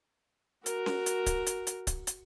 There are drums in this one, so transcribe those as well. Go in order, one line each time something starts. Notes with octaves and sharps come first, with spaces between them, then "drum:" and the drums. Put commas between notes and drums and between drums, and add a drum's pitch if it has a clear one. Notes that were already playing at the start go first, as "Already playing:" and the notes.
F#4 A#4, drum: hi-hat
drum: snare C#4
drum: hi-hat
drum: kick C#1, hi-hat
drum: hi-hat
drum: hi-hat
drum: kick C#1, hi-hat
drum: hi-hat